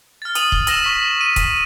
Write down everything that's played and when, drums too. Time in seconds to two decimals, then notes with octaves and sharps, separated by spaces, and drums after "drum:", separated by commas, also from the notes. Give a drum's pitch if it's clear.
0.22 F6 A6
0.35 D#6 D#7 F#7, drum: hi-hat
0.52 drum: kick
0.67 E6 A#6 E7 F#7, drum: hi-hat
0.84 C#6 B6
1.21 D#7
1.36 drum: kick, hi-hat